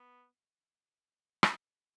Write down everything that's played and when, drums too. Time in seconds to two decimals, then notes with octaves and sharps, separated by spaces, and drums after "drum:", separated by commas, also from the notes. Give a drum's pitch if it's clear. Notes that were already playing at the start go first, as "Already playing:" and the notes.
Already playing: B3
1.43 drum: rim click